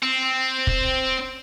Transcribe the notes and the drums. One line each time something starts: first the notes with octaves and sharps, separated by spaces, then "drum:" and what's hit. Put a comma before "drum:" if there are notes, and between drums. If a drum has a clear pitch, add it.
C4
drum: kick